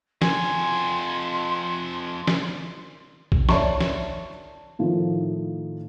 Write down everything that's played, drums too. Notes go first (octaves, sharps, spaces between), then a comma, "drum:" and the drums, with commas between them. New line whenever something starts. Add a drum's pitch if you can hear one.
F2 G#5 C6, drum: snare
drum: snare
drum: kick A#1
C#5 D5 E5 A5 C#6, drum: snare
drum: snare
A2 D#3 F3